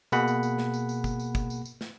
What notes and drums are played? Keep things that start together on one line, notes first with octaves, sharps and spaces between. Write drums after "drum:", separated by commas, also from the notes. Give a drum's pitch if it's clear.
B2 A#3 G#4 F#5 B5, drum: tambourine
drum: tambourine
drum: tambourine
drum: snare
drum: tambourine
drum: tambourine
drum: kick, tambourine
drum: tambourine
drum: kick, tambourine
drum: tambourine
drum: tambourine
drum: snare